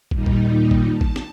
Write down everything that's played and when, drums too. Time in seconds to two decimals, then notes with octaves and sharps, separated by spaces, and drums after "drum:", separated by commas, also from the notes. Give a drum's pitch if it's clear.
0.11 D#2 A#2 G3 D#4, drum: kick
0.26 drum: kick
0.71 drum: kick
0.91 A5
1.01 drum: kick
1.16 drum: snare